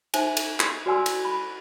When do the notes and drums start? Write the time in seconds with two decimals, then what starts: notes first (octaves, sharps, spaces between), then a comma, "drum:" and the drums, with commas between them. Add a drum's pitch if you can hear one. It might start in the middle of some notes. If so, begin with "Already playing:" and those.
0.14 D#4 C5 E5 G#5, drum: cymbal
0.37 drum: cymbal
0.60 drum: clap
0.86 F#4 B4 D5 G#5 C6 E6
1.06 drum: cymbal
1.25 B5